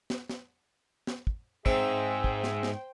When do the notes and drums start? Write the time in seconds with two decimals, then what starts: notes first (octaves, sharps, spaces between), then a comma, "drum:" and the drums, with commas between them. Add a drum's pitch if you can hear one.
0.10 drum: snare
0.29 drum: snare
1.07 drum: snare
1.27 drum: kick
1.66 G#2 C4 G#4 C5 E5 G5, drum: kick
2.24 drum: kick
2.44 drum: snare
2.63 drum: snare